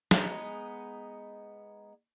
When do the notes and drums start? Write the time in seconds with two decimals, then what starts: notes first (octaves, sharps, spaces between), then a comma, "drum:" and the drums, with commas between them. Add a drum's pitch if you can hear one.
0.11 G#3 B3 D#4, drum: snare